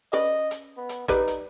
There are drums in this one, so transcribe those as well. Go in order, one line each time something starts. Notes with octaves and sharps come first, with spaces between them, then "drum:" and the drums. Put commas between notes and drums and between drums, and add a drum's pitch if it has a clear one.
C#4 B4 D5 D#5
drum: hi-hat
B3
drum: hi-hat
G3 D#4 B4 D5, drum: kick, hi-hat
drum: hi-hat